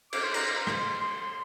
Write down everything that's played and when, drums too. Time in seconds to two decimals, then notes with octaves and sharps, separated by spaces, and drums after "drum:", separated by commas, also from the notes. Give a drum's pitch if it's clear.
0.13 D6, drum: cymbal
0.24 C6
0.34 A#5, drum: cymbal
0.56 C6
0.67 drum: rim click
0.79 C6
1.00 C6
1.22 C6